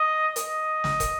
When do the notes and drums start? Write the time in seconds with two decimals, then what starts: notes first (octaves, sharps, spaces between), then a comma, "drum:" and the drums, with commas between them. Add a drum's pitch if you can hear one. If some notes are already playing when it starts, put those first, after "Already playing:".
Already playing: D#5
0.36 D#5, drum: hi-hat
0.84 drum: snare
1.00 drum: kick, hi-hat